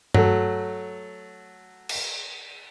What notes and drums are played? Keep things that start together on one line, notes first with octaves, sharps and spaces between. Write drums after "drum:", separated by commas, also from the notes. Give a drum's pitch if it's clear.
F#3 A3, drum: tom G2
drum: cymbal